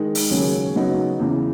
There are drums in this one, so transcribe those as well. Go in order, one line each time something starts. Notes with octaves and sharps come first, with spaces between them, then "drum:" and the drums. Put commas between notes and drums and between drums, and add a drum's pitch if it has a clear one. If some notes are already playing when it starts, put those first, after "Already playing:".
Already playing: D#3 G#3 D#4
drum: open hi-hat
D#2 C#3 F#3 C#4 G#4
C#3 F#3 B3 D#4 F#4
E2 C#3 E3